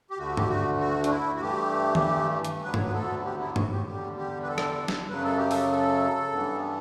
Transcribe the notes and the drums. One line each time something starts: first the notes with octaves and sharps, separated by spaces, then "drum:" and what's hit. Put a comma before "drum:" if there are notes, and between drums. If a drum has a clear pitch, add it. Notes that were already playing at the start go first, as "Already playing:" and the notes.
G4
D2 D3 A3 F#4
G4, drum: tom G2
F#4
F#4
D4, drum: hi-hat
E4
F#4
G2 E3 A3 G4
drum: tom D#3
drum: hi-hat
D2 D3 F#3 B3 B4
C#5, drum: tom G2
B4
A4
G4
E4
F#4, drum: tom G2
G4
E2 D3 G3 G4
G4
B4
A4
drum: rim click
drum: snare
F#2 C#3 F#3 B4
A4
G4
A4, drum: open hi-hat
A4
G2 E3 B3